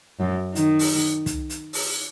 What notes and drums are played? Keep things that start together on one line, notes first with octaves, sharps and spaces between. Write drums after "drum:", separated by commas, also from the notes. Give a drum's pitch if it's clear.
F#2
D#3, drum: hi-hat
drum: open hi-hat
drum: kick, hi-hat
drum: hi-hat
drum: open hi-hat